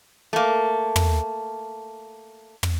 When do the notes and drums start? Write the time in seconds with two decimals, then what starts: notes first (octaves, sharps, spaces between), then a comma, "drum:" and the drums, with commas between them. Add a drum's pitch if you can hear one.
0.33 A3 A#3
0.96 drum: tom
2.63 drum: tom